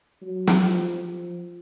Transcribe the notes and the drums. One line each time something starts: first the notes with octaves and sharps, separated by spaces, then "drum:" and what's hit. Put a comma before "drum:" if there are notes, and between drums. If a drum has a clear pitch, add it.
F#3
drum: snare
F3
F3